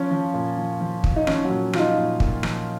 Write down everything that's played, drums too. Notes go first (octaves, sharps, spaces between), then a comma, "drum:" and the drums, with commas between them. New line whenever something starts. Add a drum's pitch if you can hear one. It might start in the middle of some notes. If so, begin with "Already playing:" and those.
Already playing: F3 C#4
F3
A#2
F3
F3
F3, drum: kick
D#4
F3 C#4, drum: rim click
F#3
A#2
F3 F4, drum: rim click
D#4
A#2
A#2, drum: kick
F3, drum: rim click